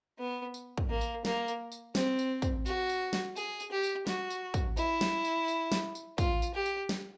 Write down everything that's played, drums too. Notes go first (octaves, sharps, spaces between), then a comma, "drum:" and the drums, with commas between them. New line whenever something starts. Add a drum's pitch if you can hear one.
B3
drum: tambourine
drum: kick
A#3
drum: tambourine
A#3, drum: snare
drum: tambourine
drum: tambourine
C4, drum: snare
drum: tambourine
drum: kick, tambourine
F#4, drum: tambourine
drum: tambourine
drum: snare
G#4, drum: tambourine
drum: tambourine
G4
drum: tambourine
F#4, drum: snare
drum: tambourine
drum: kick, tambourine
E4, drum: tambourine
drum: snare
drum: tambourine
drum: tambourine
drum: snare
drum: tambourine
F4, drum: kick, tambourine
drum: tambourine
G4
drum: tambourine
drum: snare